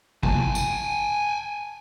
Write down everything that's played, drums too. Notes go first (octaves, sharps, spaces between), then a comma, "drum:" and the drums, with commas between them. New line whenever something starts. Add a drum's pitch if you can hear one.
G#5 A5, drum: kick
drum: tambourine